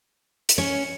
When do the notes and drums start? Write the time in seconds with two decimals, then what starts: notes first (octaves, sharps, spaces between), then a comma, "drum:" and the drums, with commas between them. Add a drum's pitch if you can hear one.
0.49 drum: hi-hat
0.58 C#4 C#5